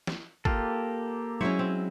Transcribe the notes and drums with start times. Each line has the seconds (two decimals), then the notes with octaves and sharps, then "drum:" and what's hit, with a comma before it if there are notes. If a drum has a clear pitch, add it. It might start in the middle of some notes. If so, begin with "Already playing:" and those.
0.07 drum: snare
0.45 A#3 F4 G4 A4, drum: kick
1.41 F#3 G#3 C#4 E4 C5 C#5
1.59 C4